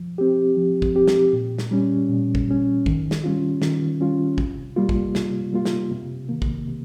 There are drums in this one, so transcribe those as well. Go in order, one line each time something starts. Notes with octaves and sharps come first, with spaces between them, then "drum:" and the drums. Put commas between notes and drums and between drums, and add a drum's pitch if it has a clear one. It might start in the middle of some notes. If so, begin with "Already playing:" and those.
Already playing: F3
C4 G4
F3
drum: kick
C4 G4
drum: snare
A#2
drum: snare
G3 C#4
A#2
drum: kick
G3 C#4
D#3, drum: kick
drum: snare
G3 C#4 F4
D#3, drum: snare
G3 C#4 F4
C3, drum: kick
G3 A#3 F4
drum: kick
C3, drum: snare
G3 A#3 F4
drum: snare
C3
D#3 A#3
drum: kick
C3